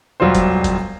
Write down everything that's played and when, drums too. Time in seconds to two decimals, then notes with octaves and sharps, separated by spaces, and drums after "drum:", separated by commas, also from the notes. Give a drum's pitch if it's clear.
0.20 E1 F#3 G3 F4 C5
0.35 drum: kick F1, hi-hat
0.64 drum: kick F1, hi-hat